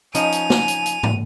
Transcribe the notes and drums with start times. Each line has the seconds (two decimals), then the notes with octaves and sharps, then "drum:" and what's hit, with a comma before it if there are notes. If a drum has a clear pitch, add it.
0.15 F3 C#4 D#4 G#5 D#7 F7, drum: hi-hat
0.32 drum: hi-hat
0.50 drum: snare
0.68 drum: hi-hat
0.86 drum: hi-hat
1.03 drum: tom